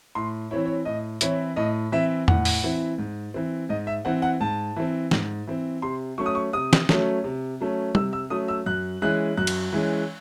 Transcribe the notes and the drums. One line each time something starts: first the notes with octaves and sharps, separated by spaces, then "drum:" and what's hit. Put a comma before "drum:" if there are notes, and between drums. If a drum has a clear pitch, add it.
A2 C6
E3 C4 E4 C#5
C#5
A2 D#5
E3 C4 E4 C#5, drum: hi-hat
A2 D#5
E3 C4 E4 E5
A2 F#5, drum: tom E2
drum: open hi-hat
E3 C4 E4
G#2
E3 C4
G#2 D#5
E5
E3 C4 F#5
F#5
G#2 A5
E3 C4
G#2, drum: snare
E3 C4
C3 C6
F#3 A3 C#4 C#6
D#6
C#6
C3 D#6
drum: snare
F#3 A3 C#4, drum: snare
C3
F#3 A3 C#4
C3 E6, drum: tom G3
E6
F#3 A3 C#4 D#6
E6
F#2 F#6
E3 G#3 C#4 F#6
F#2 F#6
drum: cymbal
E3 G#3 C#4